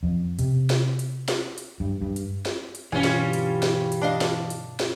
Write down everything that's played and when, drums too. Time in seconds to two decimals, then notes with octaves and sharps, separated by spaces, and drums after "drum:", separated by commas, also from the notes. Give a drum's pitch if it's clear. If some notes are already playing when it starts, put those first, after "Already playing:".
0.03 F2
0.39 C3, drum: hi-hat
0.70 drum: snare
0.99 drum: hi-hat
1.28 drum: snare
1.58 drum: hi-hat
1.80 G2
2.02 G2
2.16 drum: hi-hat
2.45 drum: snare
2.75 drum: hi-hat
2.92 G2 B2 D3 E3 G3 C#4 F4 G#5
3.04 drum: snare
3.33 drum: hi-hat
3.63 drum: snare
3.92 drum: hi-hat
4.02 D4 D#5 F5
4.21 drum: snare
4.50 drum: hi-hat
4.80 drum: snare